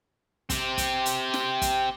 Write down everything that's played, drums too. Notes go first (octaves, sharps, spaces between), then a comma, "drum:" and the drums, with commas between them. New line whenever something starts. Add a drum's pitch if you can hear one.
C4 G4, drum: kick, hi-hat
drum: kick, hi-hat
drum: hi-hat
drum: snare
drum: kick, hi-hat